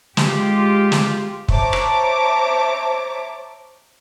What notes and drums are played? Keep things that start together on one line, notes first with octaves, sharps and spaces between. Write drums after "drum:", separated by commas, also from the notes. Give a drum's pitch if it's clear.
G#3 F4 G4, drum: snare
drum: snare
C5 C#5 E5 A5 A#5 D6, drum: kick
drum: rim click